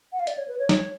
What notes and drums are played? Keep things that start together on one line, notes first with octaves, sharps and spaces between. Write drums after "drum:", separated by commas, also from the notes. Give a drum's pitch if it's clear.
F#5
F5
D5, drum: hi-hat
C#5
B4
C#5
C#5, drum: snare